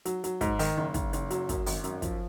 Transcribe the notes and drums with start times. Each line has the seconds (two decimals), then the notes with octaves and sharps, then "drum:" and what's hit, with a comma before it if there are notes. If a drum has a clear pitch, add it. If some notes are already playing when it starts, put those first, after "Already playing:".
0.05 F#3, drum: hi-hat
0.24 F#3, drum: hi-hat
0.41 G#2, drum: kick, hi-hat
0.59 D#3, drum: open hi-hat
0.77 F#1
0.94 F#1, drum: kick, hi-hat
1.13 F#1, drum: hi-hat
1.30 F#3, drum: hi-hat
1.49 F#2, drum: kick, hi-hat
1.66 G#1, drum: open hi-hat
1.84 F#2, drum: hi-hat
2.02 F3, drum: kick, hi-hat